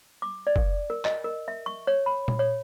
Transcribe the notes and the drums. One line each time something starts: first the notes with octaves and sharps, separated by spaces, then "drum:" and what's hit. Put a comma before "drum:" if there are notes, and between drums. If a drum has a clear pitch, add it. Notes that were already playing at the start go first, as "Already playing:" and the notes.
D6
D5
drum: kick
A#4
D#5, drum: clap
A#4
E5
C#6
C#5
B5
drum: tom A#2
C#5